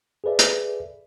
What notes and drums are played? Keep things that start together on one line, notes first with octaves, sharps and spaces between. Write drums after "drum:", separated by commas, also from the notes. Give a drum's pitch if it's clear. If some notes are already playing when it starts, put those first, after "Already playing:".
G#4 A4 B4 D5 E5
drum: hi-hat